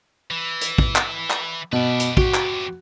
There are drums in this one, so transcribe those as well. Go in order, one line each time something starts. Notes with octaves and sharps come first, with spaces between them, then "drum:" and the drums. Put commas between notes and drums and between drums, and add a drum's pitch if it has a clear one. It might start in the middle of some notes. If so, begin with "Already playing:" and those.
E3
drum: hi-hat
drum: kick
drum: clap
drum: clap
B2 B4 D5
drum: hi-hat
F2 F#4 G4, drum: kick
drum: clap